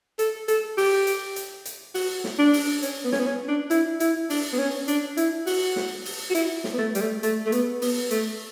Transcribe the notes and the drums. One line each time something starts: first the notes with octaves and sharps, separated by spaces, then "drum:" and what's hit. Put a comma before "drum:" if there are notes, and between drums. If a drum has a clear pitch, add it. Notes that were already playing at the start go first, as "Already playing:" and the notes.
A4, drum: hi-hat
A4, drum: hi-hat
G4, drum: open hi-hat
drum: hi-hat
drum: hi-hat
drum: hi-hat
F#4, drum: open hi-hat
drum: snare
D4
drum: open hi-hat
C#4, drum: hi-hat
B3
C#4, drum: snare
B3
C#4
D4
E4, drum: hi-hat
E4, drum: hi-hat
D4, drum: open hi-hat
B3
C#4
D4, drum: hi-hat
E4, drum: hi-hat
F#4, drum: open hi-hat
drum: snare
drum: open hi-hat
F#4
E4, drum: hi-hat
drum: snare
B3
A3
G3, drum: hi-hat
A3
A3, drum: hi-hat
A3
B3, drum: hi-hat
B3, drum: open hi-hat
A3, drum: hi-hat